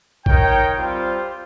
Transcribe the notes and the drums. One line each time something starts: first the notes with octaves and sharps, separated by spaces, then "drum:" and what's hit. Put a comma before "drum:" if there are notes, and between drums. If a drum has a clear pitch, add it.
D#4 A#4 C#5 G5, drum: kick A1
G3 C4 F4 C5